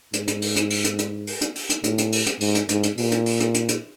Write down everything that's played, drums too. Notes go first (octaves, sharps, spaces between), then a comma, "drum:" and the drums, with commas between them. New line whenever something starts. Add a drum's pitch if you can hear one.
G#2, drum: hi-hat
drum: hi-hat
drum: open hi-hat
drum: hi-hat
drum: open hi-hat
drum: hi-hat
drum: hi-hat
drum: open hi-hat
drum: hi-hat
drum: open hi-hat
drum: hi-hat
A2, drum: hi-hat
drum: hi-hat
drum: open hi-hat
drum: hi-hat
G#2, drum: open hi-hat
drum: hi-hat
G#2, drum: hi-hat
drum: hi-hat
A#2, drum: open hi-hat
drum: hi-hat
drum: open hi-hat
drum: hi-hat
drum: hi-hat
drum: hi-hat